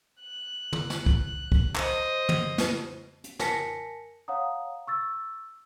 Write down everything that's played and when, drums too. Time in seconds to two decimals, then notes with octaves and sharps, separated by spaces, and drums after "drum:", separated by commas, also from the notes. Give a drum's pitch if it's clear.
0.21 F#6
0.73 drum: tom
0.90 drum: snare
1.06 drum: kick
1.52 drum: kick
1.76 C5 D#5, drum: clap
2.29 drum: tom
2.58 drum: snare
3.24 drum: hi-hat
3.39 A#4 G#5 A5 A#6 B6 C#7, drum: snare
4.28 C#5 F5 F#5 A#5 D#6
4.87 C#6 E6 A6